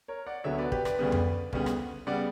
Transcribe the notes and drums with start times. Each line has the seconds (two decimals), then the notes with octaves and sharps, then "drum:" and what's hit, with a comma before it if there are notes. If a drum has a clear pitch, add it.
0.08 A#4 C#5
0.26 D5 F#5
0.44 D2 D3 F#3 B3 C#5 E5
0.58 B4 D5
0.72 G4 B4, drum: kick
0.85 B4 D5, drum: rim click
0.99 D2 C#3 G3 B3
1.12 drum: tom F2
1.53 D2 C#3 G3 B3, drum: kick
1.66 drum: rim click
2.07 C#3 G3 B3 D5 F#5